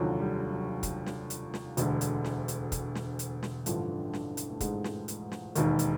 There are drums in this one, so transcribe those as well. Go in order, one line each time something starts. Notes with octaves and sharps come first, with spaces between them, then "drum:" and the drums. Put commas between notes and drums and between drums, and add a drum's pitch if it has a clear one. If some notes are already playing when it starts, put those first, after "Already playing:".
Already playing: F1 D#2 D3 F3 F#3
G3
F#3
drum: kick, hi-hat
drum: snare
drum: hi-hat
drum: snare
E1 D2 D3, drum: hi-hat
drum: hi-hat
drum: snare
drum: hi-hat
drum: kick, hi-hat
drum: snare
drum: hi-hat
drum: snare
A1 G2 D3 F3, drum: hi-hat
drum: snare
drum: hi-hat
A3
G#2 G#3, drum: kick, hi-hat
drum: snare
drum: hi-hat
drum: snare
E1 D#2 D#3, drum: hi-hat
drum: hi-hat